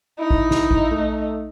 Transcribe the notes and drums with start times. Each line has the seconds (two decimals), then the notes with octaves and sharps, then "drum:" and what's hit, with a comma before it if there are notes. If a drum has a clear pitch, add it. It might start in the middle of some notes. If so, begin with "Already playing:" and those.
0.19 D#4 E4
0.31 drum: kick A1
0.51 drum: snare
0.71 drum: kick A1
0.91 A3